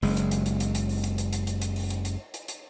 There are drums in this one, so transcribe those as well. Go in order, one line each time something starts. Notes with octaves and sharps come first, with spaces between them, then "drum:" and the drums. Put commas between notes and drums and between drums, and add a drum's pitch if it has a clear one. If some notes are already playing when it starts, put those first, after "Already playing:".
F#1 G#3, drum: open hi-hat
drum: hi-hat
drum: hi-hat
drum: hi-hat
drum: hi-hat
drum: hi-hat
drum: open hi-hat
drum: hi-hat
drum: hi-hat
drum: hi-hat
drum: hi-hat
drum: hi-hat
drum: open hi-hat
drum: hi-hat
drum: hi-hat
drum: hi-hat
drum: hi-hat